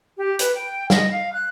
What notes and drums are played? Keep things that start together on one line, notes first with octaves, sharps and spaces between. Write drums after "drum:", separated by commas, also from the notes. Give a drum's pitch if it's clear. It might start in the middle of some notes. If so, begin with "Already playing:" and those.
G4
B4, drum: hi-hat
G5
D#5, drum: snare
F5
F#6